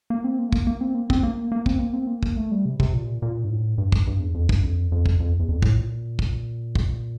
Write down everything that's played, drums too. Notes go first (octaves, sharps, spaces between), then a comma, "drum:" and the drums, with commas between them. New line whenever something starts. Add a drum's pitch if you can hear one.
A#3
C4
A#3
A3
A#3, drum: kick
A#3
C4
A#3
C4, drum: kick
A#3
A#3
C4, drum: kick
A#3
C4
A#3
drum: kick
A3
G3
C3
C3, drum: kick
A#2
A#2
G2
A2
G2
drum: kick
G2
E2
F2
G2, drum: kick
F2
F2
drum: kick
F2
E2
F2
A2, drum: kick
A#2
drum: kick
drum: kick